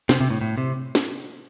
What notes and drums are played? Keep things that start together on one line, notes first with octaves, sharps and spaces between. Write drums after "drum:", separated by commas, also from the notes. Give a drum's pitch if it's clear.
C3, drum: snare
C3
A2
A2
C3
drum: snare